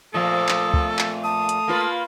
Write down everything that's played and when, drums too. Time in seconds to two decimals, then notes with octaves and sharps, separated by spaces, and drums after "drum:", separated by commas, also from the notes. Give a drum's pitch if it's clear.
0.14 A#2 F3 A3 A4 F5 D#6
0.49 drum: clap
0.74 drum: kick
0.99 drum: clap
1.24 A5 D#6
1.49 drum: hi-hat
1.68 A#3 F4 B4